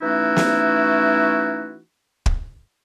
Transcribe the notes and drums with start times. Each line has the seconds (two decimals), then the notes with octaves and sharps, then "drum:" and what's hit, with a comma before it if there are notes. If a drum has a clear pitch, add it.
0.02 E3 A3 C#4 D#4 E4 F#4
0.36 drum: snare
2.26 drum: kick